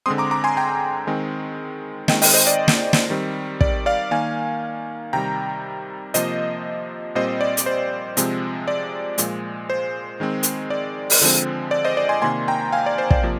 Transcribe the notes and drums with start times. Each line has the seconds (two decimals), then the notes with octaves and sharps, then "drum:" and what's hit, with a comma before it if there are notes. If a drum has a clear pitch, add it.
0.06 D3 G#3 C4 C6 D#6
0.18 A#5 D6
0.31 A#5 D6
0.44 G#5 C6
0.57 G5 A#5
1.07 D#3 G#3 C4
2.08 D#3 G#3 C4 D#5 G5, drum: snare
2.22 D#5 G5, drum: open hi-hat
2.34 C5 D#5
2.47 D5
2.68 drum: snare
2.93 drum: snare
3.10 D#3 G3 C4
3.61 D5, drum: kick
3.86 D5 F5
4.11 D#3 A#3 F5 G#5
5.13 C3 D#3 G3 G5 A#5
6.14 C3 F3 A#3 C5 D#5, drum: hi-hat
7.15 A#2 G3 C4 C5 D#5
7.41 D5
7.57 drum: hi-hat
7.66 C5
8.17 C3 F3 G#3 C4, drum: hi-hat
8.68 D5
9.18 A#2 F3 G#3, drum: hi-hat
9.70 C5
10.20 D#3 G#3 C4
10.43 drum: hi-hat
10.70 D5
11.10 drum: open hi-hat
11.21 D3 F3 G#3 C4
11.71 D5
11.85 C5 D#5
11.97 D5
12.09 G#5 C6
12.22 C3 D#3 A#3 G#5 C6
12.48 G5 A#5
12.72 F5 G#5
12.86 D5
12.98 C5
13.10 D5, drum: kick
13.23 C3 F3 A#3